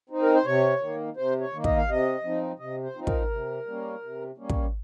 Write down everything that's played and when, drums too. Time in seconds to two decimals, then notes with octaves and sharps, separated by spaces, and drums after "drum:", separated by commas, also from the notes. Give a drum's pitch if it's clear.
0.10 C4 D#4
0.22 A#4
0.34 C5
0.46 C3 C#5
0.81 D#3 A#3
1.17 C3 C5
1.41 C#5
1.52 D#3 A#3
1.64 D#5, drum: kick
1.77 F5
1.88 C3 D#5
2.24 F3 C4 D#4
2.59 C3 D#5
2.83 C5
2.94 F3 C4 D#4
3.07 A#4, drum: kick
3.30 C3
3.66 G3 A#3 C#4
4.03 C3
4.38 G3 A#3 C#4
4.50 drum: kick